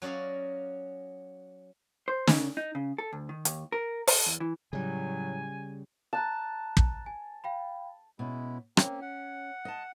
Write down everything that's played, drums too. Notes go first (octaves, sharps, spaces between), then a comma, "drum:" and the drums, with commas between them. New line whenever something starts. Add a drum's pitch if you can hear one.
F#3 C#4 D5 D#5 F5
C5
C#3, drum: snare
D#4
C#3
A4
D2
D#3
D#2, drum: hi-hat
A#4
A4, drum: open hi-hat
E2
E3
A2 C#3 F#3 G3 G#5
A5 A#5 F#6 E7
drum: kick
G#5
F5 G5 B5
B2 G#3 C#4 E4
A#3 C4 C#4, drum: rim click
F#5
D#5 A5